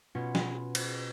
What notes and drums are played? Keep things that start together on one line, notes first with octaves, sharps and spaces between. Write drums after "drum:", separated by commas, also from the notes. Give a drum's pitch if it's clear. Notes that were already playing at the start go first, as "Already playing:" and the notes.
B2 B3 C#4 F4
drum: snare
drum: cymbal